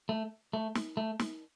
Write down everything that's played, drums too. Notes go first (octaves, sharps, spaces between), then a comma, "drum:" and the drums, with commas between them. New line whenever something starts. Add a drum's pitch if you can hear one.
A3
A3
drum: snare
A3
drum: snare